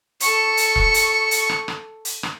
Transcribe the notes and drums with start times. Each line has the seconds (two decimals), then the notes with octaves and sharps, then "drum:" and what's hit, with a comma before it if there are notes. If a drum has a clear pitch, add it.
0.20 A4 C#6, drum: hi-hat
0.57 drum: hi-hat
0.76 drum: kick E1
0.94 drum: hi-hat
1.31 drum: hi-hat
1.49 drum: rim click
1.68 drum: rim click
2.05 drum: hi-hat
2.23 drum: rim click